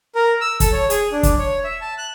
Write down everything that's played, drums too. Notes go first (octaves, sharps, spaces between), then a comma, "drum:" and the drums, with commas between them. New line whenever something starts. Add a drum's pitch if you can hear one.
A#4
E6
A4, drum: kick, hi-hat
C#5
G#4, drum: hi-hat
D4
drum: kick, hi-hat
C#5
E5
A5
F#6